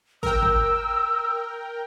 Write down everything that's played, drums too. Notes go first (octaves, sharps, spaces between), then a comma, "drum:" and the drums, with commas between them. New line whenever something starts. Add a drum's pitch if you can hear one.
A#4 G5 E6, drum: kick
drum: kick